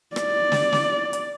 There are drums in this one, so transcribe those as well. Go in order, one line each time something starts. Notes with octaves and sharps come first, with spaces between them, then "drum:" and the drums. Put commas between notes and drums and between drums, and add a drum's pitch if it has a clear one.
D5, drum: rim click
drum: snare
drum: snare
drum: hi-hat